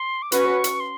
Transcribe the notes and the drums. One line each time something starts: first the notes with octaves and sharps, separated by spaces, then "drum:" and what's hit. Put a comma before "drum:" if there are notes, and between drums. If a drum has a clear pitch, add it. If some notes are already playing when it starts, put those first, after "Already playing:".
Already playing: C6
D6
C#4 F#4 B4 C#6, drum: hi-hat
drum: hi-hat
C6